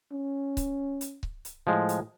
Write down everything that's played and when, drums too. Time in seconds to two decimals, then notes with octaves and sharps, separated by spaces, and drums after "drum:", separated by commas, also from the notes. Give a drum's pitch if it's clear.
0.12 C#4
0.57 drum: kick C#1, hi-hat
1.01 drum: hi-hat
1.23 drum: kick C#1
1.45 drum: hi-hat
1.67 A2 F3 G#3
1.89 drum: hi-hat